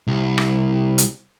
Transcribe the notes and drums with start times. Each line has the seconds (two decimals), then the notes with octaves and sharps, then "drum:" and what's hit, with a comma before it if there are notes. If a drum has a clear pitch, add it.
0.08 C2
0.38 drum: rim click
0.98 drum: hi-hat